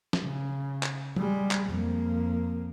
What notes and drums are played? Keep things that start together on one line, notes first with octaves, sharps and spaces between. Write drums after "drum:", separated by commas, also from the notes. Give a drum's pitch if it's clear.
drum: snare
C#3
drum: clap
G3 G#3, drum: tom
drum: clap
F2 A#3